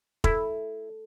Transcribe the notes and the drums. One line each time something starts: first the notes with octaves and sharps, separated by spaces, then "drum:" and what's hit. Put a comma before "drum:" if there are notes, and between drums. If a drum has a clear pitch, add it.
E4 A4, drum: kick